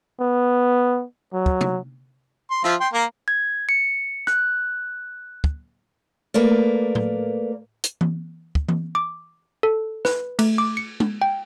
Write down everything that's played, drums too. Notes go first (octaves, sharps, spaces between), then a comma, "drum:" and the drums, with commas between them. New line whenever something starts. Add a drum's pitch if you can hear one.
B3
F#3
drum: kick
drum: tom C3
C6
F3 F4 E5, drum: rim click
G5 C6
A#3 A#4
G#6
C#7
F#6, drum: rim click
drum: kick
A3 A#3 A#4 B4 D5
drum: tom A2
drum: hi-hat
drum: tom E3
drum: kick
drum: tom E3
D6
A4
B4, drum: snare
A3, drum: cymbal
D6
C#7
drum: tom G#3
G5